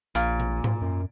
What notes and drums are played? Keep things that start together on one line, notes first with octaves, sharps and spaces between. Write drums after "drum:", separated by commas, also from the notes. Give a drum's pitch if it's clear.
A#1 A#2, drum: hi-hat
drum: tom A#2
drum: tom G#2
F#2